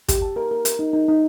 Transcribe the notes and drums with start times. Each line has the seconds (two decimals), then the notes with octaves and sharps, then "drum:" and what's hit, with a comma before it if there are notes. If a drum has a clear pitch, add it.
0.09 G4, drum: kick, hi-hat
0.22 A5
0.36 A#4
0.51 A#4
0.65 A#4, drum: hi-hat
0.79 D#4
0.93 D#4
1.08 D#4